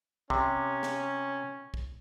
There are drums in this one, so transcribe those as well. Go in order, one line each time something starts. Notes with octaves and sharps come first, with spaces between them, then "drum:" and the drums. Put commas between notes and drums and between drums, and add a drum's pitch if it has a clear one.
C3 C#4, drum: kick
drum: snare
drum: kick